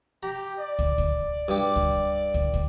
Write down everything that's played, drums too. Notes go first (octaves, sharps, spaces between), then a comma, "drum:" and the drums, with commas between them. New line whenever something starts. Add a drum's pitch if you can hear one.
G4 A#5
D5
drum: kick
drum: kick
G2 G4
drum: kick
drum: kick
drum: kick